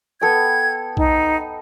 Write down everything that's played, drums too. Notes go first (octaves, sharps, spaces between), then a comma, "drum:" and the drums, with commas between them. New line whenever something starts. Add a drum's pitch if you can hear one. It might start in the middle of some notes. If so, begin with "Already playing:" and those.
B3 A4 G5 G#6
D#4, drum: kick B1